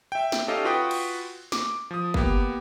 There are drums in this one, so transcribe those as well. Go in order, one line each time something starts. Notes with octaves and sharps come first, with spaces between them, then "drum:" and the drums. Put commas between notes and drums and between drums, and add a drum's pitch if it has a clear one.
E5 G5
drum: snare
C#4 D#4 G4 A4 D#5 F5
F4 F#4 B4 G5 D#6
drum: cymbal
D6, drum: snare
F3 D#6
A#3 B3 G4, drum: kick G1